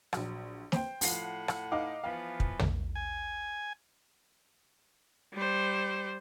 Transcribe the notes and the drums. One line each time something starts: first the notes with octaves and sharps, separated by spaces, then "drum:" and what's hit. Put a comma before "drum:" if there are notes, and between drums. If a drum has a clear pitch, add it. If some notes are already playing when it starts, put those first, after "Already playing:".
A#1 F#3, drum: rim click
C5 G5, drum: snare
A2 F3 F#5 C7, drum: open hi-hat
drum: rim click
D#4 F5 D6
E3 F3 B3 F5
drum: kick
drum: tom
G#5
G3 C5